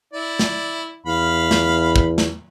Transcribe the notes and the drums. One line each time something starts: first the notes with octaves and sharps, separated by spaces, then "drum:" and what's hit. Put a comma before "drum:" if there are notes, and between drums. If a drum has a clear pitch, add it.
E4 D5
drum: snare
E2 F5 B5
drum: snare
drum: kick
drum: snare